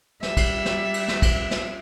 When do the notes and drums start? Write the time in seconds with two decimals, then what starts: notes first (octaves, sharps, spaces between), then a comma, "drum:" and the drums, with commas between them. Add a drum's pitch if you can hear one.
0.23 G3 E5, drum: snare
0.37 drum: kick, cymbal
0.65 drum: snare
0.94 drum: cymbal
1.08 drum: snare
1.22 drum: kick, cymbal
1.51 drum: snare